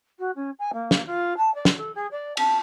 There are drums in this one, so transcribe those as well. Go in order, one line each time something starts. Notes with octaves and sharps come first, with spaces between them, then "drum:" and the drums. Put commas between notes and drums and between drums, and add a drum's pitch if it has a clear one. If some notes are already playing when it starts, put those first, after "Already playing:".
F#4
C#4
G#5
A#3
drum: snare
F4
A5
D5
drum: snare
A4
G#4
D5
A5, drum: cymbal